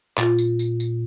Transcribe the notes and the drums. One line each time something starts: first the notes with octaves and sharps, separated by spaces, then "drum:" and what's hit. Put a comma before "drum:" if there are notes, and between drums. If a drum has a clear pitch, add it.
A#2 F4 A6, drum: clap
drum: tambourine
drum: tambourine
drum: tambourine